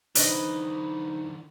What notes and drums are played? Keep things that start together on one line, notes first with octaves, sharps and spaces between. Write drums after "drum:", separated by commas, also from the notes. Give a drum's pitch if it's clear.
D3 E3 D4 D#4 B4 C5 D5 D#5, drum: hi-hat